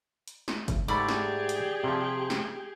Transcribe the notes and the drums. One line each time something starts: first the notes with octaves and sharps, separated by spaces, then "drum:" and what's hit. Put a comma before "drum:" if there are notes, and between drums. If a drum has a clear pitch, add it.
drum: hi-hat
drum: snare
drum: kick F#1, hi-hat
G#2 A3 G4 G#4 D5 B5
drum: snare
drum: hi-hat
C3 F3
drum: snare